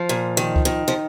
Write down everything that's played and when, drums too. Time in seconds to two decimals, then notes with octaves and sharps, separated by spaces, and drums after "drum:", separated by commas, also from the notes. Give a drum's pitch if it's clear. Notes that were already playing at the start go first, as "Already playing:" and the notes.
Already playing: F3
0.09 A#2
0.37 D#3
0.56 drum: kick C#2
0.65 D#3
0.88 F3